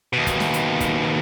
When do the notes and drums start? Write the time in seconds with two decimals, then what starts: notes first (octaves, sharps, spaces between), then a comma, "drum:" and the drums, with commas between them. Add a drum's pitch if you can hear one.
0.13 D#2 B2
0.27 drum: kick, hi-hat
0.40 drum: snare
0.54 drum: hi-hat
0.81 drum: kick, hi-hat